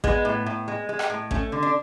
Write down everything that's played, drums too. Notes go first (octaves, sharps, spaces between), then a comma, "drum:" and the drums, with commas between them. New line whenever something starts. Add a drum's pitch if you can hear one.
G#3 B3, drum: kick A1
A2
A2
G#3
G#3
drum: rim click
A2
A3 C#4, drum: kick A1
D3
D4